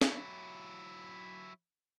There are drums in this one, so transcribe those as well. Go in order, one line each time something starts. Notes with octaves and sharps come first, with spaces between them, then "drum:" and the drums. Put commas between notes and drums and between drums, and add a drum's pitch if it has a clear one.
F#3 E4, drum: snare